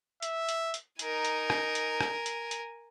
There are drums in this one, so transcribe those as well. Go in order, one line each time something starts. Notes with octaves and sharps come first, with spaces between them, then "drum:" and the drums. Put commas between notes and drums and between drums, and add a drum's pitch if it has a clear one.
E5, drum: hi-hat
drum: hi-hat
drum: hi-hat
D#4 A#4 G#5, drum: hi-hat
drum: hi-hat
drum: rim click
drum: hi-hat
drum: rim click
drum: hi-hat
drum: hi-hat